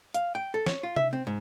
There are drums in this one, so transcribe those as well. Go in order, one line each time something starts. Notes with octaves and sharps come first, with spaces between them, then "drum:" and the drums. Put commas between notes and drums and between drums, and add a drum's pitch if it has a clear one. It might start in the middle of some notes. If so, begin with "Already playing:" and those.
F5, drum: hi-hat
G5
A4
C#5, drum: snare
F4
E5, drum: tom C3
C4
G#2